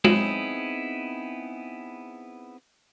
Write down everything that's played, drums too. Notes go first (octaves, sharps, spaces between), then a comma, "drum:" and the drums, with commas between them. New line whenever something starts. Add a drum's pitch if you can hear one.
B3 C4 D#4 E4 G#4, drum: tom G#3